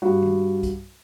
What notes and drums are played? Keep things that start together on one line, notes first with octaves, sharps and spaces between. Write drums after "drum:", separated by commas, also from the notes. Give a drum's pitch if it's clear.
G2 F#4
drum: tom
drum: kick B1, hi-hat